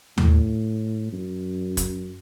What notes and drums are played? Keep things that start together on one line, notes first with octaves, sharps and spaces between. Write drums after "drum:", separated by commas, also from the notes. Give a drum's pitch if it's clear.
A2, drum: tom D#2
F#2
drum: kick, hi-hat